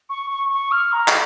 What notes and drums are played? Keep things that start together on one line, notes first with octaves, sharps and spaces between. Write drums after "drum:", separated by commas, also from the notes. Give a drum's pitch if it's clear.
C#6
C#6
C#6
F6
A#5
drum: clap